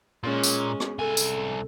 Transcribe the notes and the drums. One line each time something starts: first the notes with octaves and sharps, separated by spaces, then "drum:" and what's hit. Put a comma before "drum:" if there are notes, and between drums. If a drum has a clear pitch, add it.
A#2 G#3 C#4
drum: tambourine
drum: rim click
C2 A4 G#5
drum: tambourine